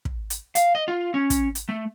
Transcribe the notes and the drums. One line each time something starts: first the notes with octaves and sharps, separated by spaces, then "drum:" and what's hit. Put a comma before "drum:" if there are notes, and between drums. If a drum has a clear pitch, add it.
drum: kick
drum: hi-hat
F5, drum: hi-hat
D#5
F4
C#4
drum: kick, hi-hat
drum: hi-hat
A3